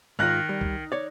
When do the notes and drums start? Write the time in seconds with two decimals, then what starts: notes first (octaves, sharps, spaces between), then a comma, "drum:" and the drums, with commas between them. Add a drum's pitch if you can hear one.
0.19 G#2 D#3 F4 F6 F#6 A#6
0.49 G3
0.61 drum: kick C#2
0.92 C#5 D5